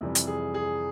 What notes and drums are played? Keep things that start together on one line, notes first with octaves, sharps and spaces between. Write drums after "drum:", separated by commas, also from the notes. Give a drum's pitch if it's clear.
F2 C3 E3 G3
drum: hi-hat
G#4
G#4